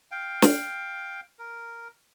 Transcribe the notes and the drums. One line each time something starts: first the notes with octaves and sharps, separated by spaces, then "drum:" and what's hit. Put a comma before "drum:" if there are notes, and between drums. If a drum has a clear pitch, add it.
F5 G5
drum: snare
A#4